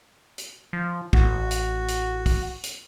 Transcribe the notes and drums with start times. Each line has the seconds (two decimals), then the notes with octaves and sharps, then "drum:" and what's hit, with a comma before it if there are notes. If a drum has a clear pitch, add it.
0.38 drum: hi-hat
0.73 F3
1.13 A1 F#4, drum: kick
1.51 drum: hi-hat
1.88 drum: hi-hat
2.26 drum: kick, open hi-hat
2.64 drum: hi-hat